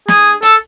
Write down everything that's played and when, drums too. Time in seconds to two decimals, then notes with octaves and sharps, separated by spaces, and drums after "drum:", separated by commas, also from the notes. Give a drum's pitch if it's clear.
0.08 G#4, drum: snare
0.42 A4, drum: hi-hat